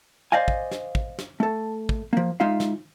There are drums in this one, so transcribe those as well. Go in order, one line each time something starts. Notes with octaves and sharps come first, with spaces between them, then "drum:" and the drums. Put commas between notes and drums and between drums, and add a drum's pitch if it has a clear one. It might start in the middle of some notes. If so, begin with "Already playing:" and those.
C5 D5 D#5 F5 G#5
drum: kick
drum: snare
drum: kick
drum: snare
A3 A4
drum: kick
F3 A#3
G#3 D#4 F4 E5 F5
drum: snare